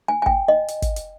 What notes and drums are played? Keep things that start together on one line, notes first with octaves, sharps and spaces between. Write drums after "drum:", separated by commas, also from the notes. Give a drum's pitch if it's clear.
G#5
G#5
G5, drum: kick
D#5
drum: hi-hat
drum: kick, hi-hat
drum: hi-hat